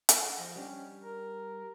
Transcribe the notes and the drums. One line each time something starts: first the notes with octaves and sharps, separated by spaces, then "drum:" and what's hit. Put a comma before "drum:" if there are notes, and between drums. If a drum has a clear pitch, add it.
drum: hi-hat
F#5
F3 D#5
G3 C#4 D4
A#4